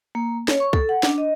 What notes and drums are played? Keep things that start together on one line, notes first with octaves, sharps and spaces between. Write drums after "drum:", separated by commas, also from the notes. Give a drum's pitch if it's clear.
A#3
C#5, drum: snare
C#6
A4, drum: kick
F#5
D4, drum: snare
D#5